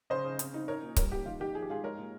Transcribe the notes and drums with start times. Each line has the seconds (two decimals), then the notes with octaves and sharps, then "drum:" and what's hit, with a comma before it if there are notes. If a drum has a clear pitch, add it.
0.10 C#3 C5 D#5
0.25 C#3
0.39 C4, drum: hi-hat
0.54 D#4
0.68 C#4 A#4 C#5
0.83 A#2
0.96 G3 A#4 C#5, drum: kick C#1, hi-hat
1.12 A#2 G4
1.26 D#3 F4
1.40 D#3 G4
1.55 F3 G#4
1.62 G4
1.70 G#2 F4 G#4
1.83 G#3 A#4 C#5
1.98 A#2